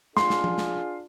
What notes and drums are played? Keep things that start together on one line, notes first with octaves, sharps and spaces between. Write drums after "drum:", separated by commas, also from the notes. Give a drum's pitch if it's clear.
D4 F4 G#4 C6, drum: snare
drum: snare
drum: tom F3
drum: snare